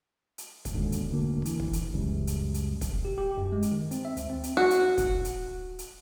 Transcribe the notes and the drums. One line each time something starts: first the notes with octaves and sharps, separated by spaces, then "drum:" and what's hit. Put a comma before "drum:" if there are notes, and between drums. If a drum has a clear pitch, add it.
drum: hi-hat
drum: kick, hi-hat
D#2 G#2 B2 D3
drum: hi-hat
E1 D2 D3 A#3
E3, drum: hi-hat
drum: kick
drum: hi-hat
C#2 F#2 C#3 G3
drum: hi-hat
drum: hi-hat
drum: kick, hi-hat
G4
G4
F#2
G#3
drum: hi-hat
D#3
C4, drum: hi-hat
E5
D2, drum: hi-hat
C4
drum: hi-hat
F#4
drum: hi-hat
drum: kick, hi-hat
drum: hi-hat
drum: hi-hat